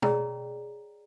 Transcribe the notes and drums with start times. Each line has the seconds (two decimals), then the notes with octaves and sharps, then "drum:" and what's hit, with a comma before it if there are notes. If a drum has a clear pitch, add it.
0.02 G#4 C#5 D5 G5 A#5, drum: tom